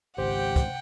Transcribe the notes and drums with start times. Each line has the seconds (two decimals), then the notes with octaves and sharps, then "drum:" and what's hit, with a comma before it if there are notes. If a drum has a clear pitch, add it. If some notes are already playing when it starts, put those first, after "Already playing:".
0.18 G#1 C#2 G4 C5 F#5 G5
0.56 drum: kick, hi-hat